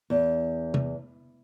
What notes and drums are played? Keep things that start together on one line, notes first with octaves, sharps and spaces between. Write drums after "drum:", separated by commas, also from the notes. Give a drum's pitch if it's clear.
E2
drum: tom